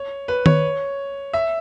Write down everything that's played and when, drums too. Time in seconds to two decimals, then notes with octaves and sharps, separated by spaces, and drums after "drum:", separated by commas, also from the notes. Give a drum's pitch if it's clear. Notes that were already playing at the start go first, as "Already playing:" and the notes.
Already playing: C#5
0.28 B4
0.46 C#5, drum: tom D#3
1.33 E5